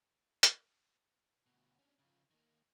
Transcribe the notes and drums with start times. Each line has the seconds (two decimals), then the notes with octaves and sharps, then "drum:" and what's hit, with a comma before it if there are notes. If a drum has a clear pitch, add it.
0.43 drum: hi-hat
1.46 D2 B2
1.79 C#4 D4
1.99 C#3 F3
2.31 D#3 A#3